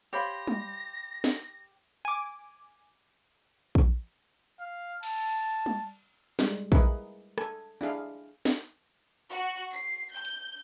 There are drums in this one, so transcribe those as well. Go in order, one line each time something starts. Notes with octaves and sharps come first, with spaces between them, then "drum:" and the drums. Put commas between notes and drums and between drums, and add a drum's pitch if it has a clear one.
G4 C5 C#5 F5 B5 A#6
drum: tom G3
drum: snare
G#5 D6
drum: kick
F5
A5, drum: cymbal
drum: tom G3
G3 G#3, drum: snare
E4 G#4 A#4 B4 D#5, drum: kick
A4 G#5, drum: rim click
D4 E4 G#4 F5, drum: tambourine
drum: snare
F#4
C7
G6
drum: hi-hat